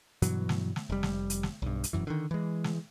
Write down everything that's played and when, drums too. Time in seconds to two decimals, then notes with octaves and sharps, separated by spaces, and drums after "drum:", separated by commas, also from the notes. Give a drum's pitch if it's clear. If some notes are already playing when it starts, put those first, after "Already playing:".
0.22 G2 B2 E3 F#3, drum: hi-hat
0.49 drum: snare
0.76 drum: snare
0.90 F1 G3
1.03 drum: snare
1.30 drum: hi-hat
1.43 drum: snare
1.62 B1 G2
1.84 drum: hi-hat
1.93 F1 B1 F#2 E3
2.07 D3 D#3
2.31 E3 G#3
2.64 drum: snare